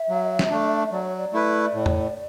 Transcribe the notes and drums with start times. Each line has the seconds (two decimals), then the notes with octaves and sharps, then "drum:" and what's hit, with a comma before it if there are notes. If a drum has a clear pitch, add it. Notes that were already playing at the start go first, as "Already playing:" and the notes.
Already playing: E5
0.09 F#3
0.39 drum: snare
0.50 A3 D4
0.92 F#3 D5
1.04 C#5
1.17 D5
1.33 A3 E4 B4
1.74 A2
1.86 drum: tom E2